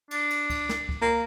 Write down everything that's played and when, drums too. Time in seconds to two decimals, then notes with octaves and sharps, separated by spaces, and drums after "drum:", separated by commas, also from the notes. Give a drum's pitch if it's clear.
0.11 D4, drum: cymbal
0.30 drum: cymbal
0.50 drum: kick C#2, cymbal
0.69 drum: snare
0.89 drum: kick C#2
1.02 A#3